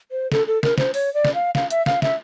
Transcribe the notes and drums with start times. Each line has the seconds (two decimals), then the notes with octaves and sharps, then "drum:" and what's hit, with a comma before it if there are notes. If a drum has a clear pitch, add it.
0.11 C5
0.32 A4, drum: snare
0.47 A4
0.63 A#4, drum: snare
0.78 C5, drum: snare
0.94 C#5, drum: open hi-hat
1.14 D5
1.25 drum: snare
1.34 F5
1.55 F5, drum: snare
1.70 E5, drum: hi-hat
1.86 F5, drum: snare
2.02 E5, drum: snare